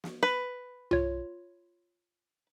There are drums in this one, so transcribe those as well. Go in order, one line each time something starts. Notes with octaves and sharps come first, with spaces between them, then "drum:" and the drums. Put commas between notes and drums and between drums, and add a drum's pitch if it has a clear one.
drum: snare
B4
F4 C#5, drum: tom B1